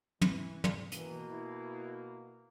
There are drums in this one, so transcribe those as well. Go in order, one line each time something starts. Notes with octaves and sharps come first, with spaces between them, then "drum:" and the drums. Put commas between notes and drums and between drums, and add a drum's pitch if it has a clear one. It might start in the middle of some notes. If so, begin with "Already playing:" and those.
E3, drum: tom
drum: tom
B2 E3 A#3, drum: hi-hat
E4